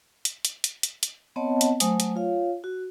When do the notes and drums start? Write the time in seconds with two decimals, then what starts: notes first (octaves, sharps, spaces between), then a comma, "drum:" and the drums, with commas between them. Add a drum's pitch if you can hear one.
0.25 drum: hi-hat
0.45 drum: hi-hat
0.64 drum: hi-hat
0.83 drum: hi-hat
1.03 drum: hi-hat
1.36 B3 C4 C#5 D#5 F#5 A5
1.61 drum: hi-hat
1.80 F#3 A3 C5 G#5 D#6, drum: hi-hat
2.00 drum: hi-hat
2.16 F4 C#5 F5
2.64 F#4